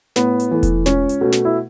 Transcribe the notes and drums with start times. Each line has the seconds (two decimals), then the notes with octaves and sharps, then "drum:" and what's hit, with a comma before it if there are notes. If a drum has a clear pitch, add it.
0.16 A2 B3, drum: snare
0.40 drum: hi-hat
0.51 E3 A3
0.63 drum: kick E1, hi-hat
0.86 C#2 C#4, drum: snare
1.09 drum: hi-hat
1.21 B2 A3
1.32 drum: snare
1.45 E4